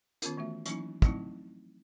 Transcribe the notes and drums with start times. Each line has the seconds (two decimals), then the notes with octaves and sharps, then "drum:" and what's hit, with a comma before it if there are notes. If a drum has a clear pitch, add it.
0.22 D#3 B3 C#4 F4 A#4, drum: hi-hat
0.37 E3 A3 F#4 E5
0.66 E3 F#3 A#3 C#4 D#4 E4, drum: hi-hat
1.02 F3 F#3 A3 C4 D#4 E4, drum: kick